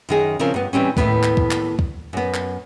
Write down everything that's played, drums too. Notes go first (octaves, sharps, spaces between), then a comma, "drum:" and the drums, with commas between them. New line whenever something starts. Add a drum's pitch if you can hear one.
F#2 D#3 G#4
C#3 F3 C4 C#4 A#4
G2 B3
E3 G3 C4 C#4
D#2 A2 C#3 B3 B4, drum: kick
drum: clap
drum: kick
drum: clap
drum: kick
F#2 B3
drum: clap